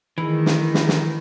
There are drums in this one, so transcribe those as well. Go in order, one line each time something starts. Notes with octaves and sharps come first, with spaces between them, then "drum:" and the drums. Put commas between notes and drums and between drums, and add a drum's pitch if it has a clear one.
D#3 E3 A3 E4 G#4
drum: snare
drum: snare
drum: snare